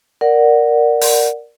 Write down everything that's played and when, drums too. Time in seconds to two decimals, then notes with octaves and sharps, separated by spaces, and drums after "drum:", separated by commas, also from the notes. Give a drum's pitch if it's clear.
0.21 A#4 D5 F#5
1.01 drum: open hi-hat